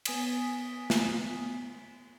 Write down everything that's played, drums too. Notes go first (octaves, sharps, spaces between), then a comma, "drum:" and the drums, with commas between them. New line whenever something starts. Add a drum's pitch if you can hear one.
B3 G#5 D#6 B6, drum: cymbal
drum: snare